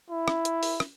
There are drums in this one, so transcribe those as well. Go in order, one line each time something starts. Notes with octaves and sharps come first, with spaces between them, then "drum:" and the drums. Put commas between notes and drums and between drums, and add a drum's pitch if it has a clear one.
E4
drum: rim click
drum: hi-hat
drum: open hi-hat
drum: rim click